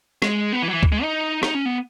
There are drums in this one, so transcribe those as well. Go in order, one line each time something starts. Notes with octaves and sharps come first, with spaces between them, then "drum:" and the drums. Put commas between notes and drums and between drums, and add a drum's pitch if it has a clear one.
G#3, drum: rim click
B3
E3
F#3
E3
drum: kick C#2
G#3
D#4
D#4, drum: rim click
C#4
B3